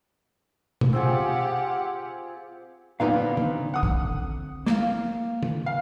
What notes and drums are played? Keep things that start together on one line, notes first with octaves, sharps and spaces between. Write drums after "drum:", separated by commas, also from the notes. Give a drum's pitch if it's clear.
drum: tom
C4 F4 G4 G#4 F#5
A#2 D3 B3 C4 D#4 F5
drum: tom
F#5 D#6
drum: kick
A#3 F5, drum: snare
drum: tom
F5